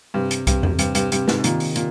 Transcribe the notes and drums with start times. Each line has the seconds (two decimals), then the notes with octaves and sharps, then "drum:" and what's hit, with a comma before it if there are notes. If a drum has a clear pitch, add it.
0.14 G2 C3
0.31 drum: hi-hat
0.47 G2 C3, drum: kick C2, hi-hat
0.63 drum: tom E2
0.79 G2 C4, drum: hi-hat
0.95 G2, drum: hi-hat
1.12 G2 C3, drum: hi-hat
1.28 G#2, drum: snare
1.38 G#2
1.44 A#2 D#3, drum: hi-hat
1.60 drum: open hi-hat
1.76 A#2, drum: hi-hat